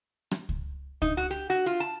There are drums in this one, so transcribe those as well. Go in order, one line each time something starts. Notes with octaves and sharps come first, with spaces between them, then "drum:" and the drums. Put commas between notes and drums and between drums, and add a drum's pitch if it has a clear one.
drum: rim click
drum: kick C#2
D#4, drum: kick C#2
F#4
G4
F#4
F4
A5